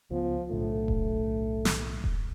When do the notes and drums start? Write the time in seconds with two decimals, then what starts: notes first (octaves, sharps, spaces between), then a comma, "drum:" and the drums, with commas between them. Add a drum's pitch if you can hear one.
0.11 C#2 F3 B3
0.51 B1 A2 D3 A3
0.88 drum: kick D#1
1.65 drum: snare
2.04 drum: kick D#1